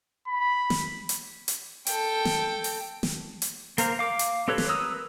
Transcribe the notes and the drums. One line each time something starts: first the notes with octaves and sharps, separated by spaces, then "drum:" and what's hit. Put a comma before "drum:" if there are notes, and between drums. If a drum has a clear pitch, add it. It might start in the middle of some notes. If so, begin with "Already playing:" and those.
B5
drum: snare
drum: hi-hat
drum: hi-hat
A4 G5, drum: hi-hat
drum: snare
drum: open hi-hat
drum: snare
drum: hi-hat
A#3 A#4 C5 F5, drum: hi-hat
F5 D6
drum: hi-hat
C4 G4 A4 B4 C#5
drum: snare
A#4 B4 D#6 E6